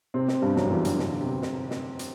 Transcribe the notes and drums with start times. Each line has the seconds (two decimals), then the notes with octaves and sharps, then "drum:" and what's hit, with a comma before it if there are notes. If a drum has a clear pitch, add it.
0.14 C3 C4
0.28 drum: snare
0.42 G2 G3
0.56 F#2 F#3, drum: snare
0.70 E2 E3
0.85 D3, drum: hi-hat
0.99 D3, drum: snare
1.21 C3
1.42 drum: snare
1.71 drum: snare
1.99 drum: hi-hat